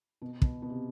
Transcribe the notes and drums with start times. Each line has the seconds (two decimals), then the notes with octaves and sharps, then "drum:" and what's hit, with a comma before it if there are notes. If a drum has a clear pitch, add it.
0.22 B2
0.42 B2, drum: kick
0.62 B2
0.70 C3